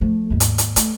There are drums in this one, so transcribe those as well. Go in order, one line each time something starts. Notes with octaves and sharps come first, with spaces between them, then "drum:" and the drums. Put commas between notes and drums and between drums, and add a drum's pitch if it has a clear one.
F3 A3
D#2 G#2
drum: hi-hat
drum: hi-hat
A3, drum: hi-hat